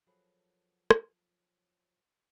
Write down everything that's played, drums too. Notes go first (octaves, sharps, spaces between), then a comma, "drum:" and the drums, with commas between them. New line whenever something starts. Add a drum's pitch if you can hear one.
F3 F#3 F#4 G#4 A4 B4
drum: rim click